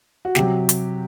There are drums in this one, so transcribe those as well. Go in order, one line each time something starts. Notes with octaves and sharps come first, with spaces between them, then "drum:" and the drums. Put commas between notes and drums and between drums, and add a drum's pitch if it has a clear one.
F#4
C3 F#3 G4, drum: snare
drum: hi-hat